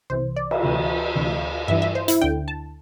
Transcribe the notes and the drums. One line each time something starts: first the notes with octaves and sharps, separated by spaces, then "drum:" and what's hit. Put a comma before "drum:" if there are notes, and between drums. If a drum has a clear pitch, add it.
C2 C3 E3 C5
D5
drum: cymbal
D2 C3 E3
D2 C3 E3
G2 E3 E5
E5
C5
E4, drum: hi-hat
D2 D3 G5
A5